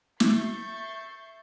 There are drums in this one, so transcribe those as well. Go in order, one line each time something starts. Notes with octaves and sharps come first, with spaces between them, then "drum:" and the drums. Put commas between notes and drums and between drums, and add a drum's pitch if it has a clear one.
E5 C#6 G6 A6 C7, drum: snare